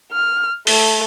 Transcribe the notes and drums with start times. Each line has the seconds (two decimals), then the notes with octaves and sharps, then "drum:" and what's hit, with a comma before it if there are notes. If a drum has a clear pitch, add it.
0.12 F6
0.67 A3, drum: open hi-hat